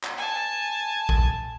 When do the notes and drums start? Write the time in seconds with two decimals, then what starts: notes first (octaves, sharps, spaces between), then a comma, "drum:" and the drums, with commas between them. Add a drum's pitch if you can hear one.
0.03 drum: clap
0.18 G#5 A5
1.09 drum: kick A#1